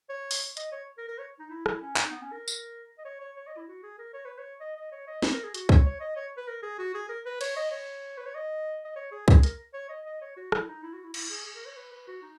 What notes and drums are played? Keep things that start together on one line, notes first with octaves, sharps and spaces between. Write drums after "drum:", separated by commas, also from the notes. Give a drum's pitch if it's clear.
C#5
drum: open hi-hat
D#5, drum: hi-hat
C#5
A#4
A#4
C#5
D#4
E4
E4, drum: rim click
C#4
D#4, drum: clap
B3
C#4
A#4
drum: tambourine
D#5
C#5
C#5
C#5
D#5
E4
F#4
G#4
A#4
C#5
B4
C#5
D#5
D#5
C#5
D#5
B4, drum: snare
A#4
G#4
F#4, drum: hi-hat
C#5, drum: kick
C#5
D#5
C#5
B4
A#4
G#4
F#4
G#4
A#4
B4
C#5, drum: cymbal
D#5
C#5
B4
C#5
D#5
D#5
C#5
G#4
G#4, drum: kick
A#4, drum: hi-hat
C#5
D#5
D#5
C#5
F#4
E4, drum: rim click
D#4
E4
F#4
E4
E4, drum: cymbal
G#4
G#4
A#4
C#5
B4
B4
F#4
D#4